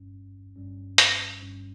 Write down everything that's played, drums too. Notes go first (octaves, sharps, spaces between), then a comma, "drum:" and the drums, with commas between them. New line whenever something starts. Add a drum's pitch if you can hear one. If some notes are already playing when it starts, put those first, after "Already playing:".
Already playing: G1 G2 G3 C#4
G1 G2 G3 C#4
drum: hi-hat
G1 G2 G3 C#4